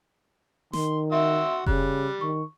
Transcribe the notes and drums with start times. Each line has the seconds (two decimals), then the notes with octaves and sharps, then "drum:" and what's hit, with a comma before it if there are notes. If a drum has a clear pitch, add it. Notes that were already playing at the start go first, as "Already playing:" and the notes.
0.73 D#3 C6, drum: snare
1.12 F#4 E5 C6 E6
1.66 C#3 G3 F#6, drum: kick F1
2.21 D#3 C#6